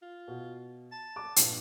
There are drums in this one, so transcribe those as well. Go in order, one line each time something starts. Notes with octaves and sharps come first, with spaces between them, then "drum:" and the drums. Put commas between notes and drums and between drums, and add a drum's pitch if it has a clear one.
F4
B2
A5
D6
A#1 G2, drum: hi-hat